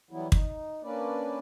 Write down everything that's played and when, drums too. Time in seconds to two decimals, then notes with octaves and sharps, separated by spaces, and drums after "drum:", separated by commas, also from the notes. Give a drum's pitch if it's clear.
0.11 E3 F#3 G3 B3 E4
0.32 D#4, drum: kick
0.83 A#3 C#4 D4 B4 D5